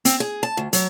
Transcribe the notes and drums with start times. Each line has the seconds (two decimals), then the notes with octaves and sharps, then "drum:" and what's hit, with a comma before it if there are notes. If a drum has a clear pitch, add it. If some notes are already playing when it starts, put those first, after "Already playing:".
0.05 C4, drum: hi-hat
0.20 G#4
0.43 A5
0.57 D2
0.73 F#3, drum: hi-hat